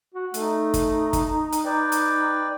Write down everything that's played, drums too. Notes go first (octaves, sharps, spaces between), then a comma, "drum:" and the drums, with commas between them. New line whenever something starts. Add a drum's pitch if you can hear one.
F#4
A3 D#4, drum: hi-hat
drum: kick G1, hi-hat
drum: kick G1, hi-hat
drum: hi-hat
B4 D5 G5
drum: hi-hat